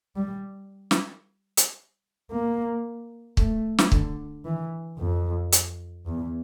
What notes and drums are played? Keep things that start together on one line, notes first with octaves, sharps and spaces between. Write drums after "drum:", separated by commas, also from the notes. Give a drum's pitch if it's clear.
G3
drum: snare
drum: hi-hat
A#3
A3, drum: kick
drum: snare
D3, drum: kick
E3
F2
drum: hi-hat
E2